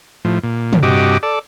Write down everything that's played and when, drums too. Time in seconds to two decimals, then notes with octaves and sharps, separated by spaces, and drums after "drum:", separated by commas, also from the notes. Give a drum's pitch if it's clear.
0.25 A2 F3
0.43 A#2
0.73 drum: tom
0.83 G2 C3 F#4 G4 D#5 D6
1.23 A4 D5